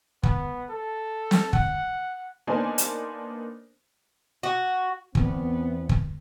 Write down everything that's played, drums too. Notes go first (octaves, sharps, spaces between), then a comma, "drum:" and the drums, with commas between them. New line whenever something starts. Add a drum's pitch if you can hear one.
B3, drum: kick
A4
drum: snare
F#5, drum: kick
A#3 B3 D4 D#4 C5 G#5
drum: hi-hat
F#4
E2 B3 C4, drum: kick
drum: kick